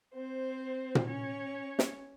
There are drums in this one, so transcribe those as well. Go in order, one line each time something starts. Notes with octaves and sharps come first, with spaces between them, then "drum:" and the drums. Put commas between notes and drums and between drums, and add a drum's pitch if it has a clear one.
C4 C5
drum: tom A#2
C#4 C#5
drum: snare